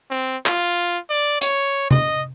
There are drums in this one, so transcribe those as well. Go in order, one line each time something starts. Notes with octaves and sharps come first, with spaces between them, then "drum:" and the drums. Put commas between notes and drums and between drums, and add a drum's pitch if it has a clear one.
C4
F4, drum: clap
D5
C#5, drum: hi-hat
D#5, drum: tom C3